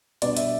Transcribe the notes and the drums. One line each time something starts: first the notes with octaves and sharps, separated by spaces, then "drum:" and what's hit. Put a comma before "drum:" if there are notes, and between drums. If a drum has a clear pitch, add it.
B2 G3 B3 D4 D5, drum: hi-hat
E5, drum: hi-hat